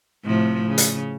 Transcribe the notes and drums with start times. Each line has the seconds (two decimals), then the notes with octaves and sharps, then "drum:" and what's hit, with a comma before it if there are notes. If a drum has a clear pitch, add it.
0.23 A2 C3 F3
0.66 C#3
0.78 drum: hi-hat